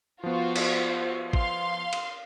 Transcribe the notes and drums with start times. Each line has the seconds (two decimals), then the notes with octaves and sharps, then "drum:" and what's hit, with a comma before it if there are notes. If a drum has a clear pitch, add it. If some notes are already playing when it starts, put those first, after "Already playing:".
0.23 F3 B3 F4 F#4 C5
0.56 drum: cymbal
1.33 F5 C6, drum: kick
1.93 drum: cymbal